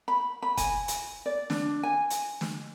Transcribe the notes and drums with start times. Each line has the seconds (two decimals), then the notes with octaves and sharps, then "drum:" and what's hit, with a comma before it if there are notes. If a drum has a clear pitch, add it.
0.08 B5
0.43 B5
0.57 G#5, drum: kick F1, hi-hat
0.88 drum: hi-hat
1.26 D5
1.50 D4, drum: snare
1.83 G#5
2.10 drum: hi-hat
2.41 drum: snare